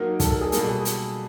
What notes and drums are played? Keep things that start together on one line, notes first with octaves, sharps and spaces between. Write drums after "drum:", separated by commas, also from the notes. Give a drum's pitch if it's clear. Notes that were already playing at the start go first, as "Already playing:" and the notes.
Already playing: F#3 A#3 D#4 F#4 A#4
A4, drum: kick, hi-hat
A4
G#4
B2 G3 A#3 A4, drum: hi-hat
G#4
drum: hi-hat